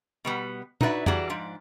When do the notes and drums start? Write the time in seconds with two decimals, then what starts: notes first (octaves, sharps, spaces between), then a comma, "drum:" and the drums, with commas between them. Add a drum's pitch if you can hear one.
0.25 B2 G3 B3
0.81 D#4 E4 F#4 B4 D5 E5, drum: tom
1.06 E3 G3 F#4 G#4 D5 A#5, drum: tom F2
1.29 G#2 F3 D4